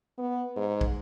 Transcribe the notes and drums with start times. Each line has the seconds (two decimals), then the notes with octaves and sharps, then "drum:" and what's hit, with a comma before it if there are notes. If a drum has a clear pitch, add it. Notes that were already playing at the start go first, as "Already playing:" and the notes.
0.18 B3
0.57 G#2
0.81 drum: kick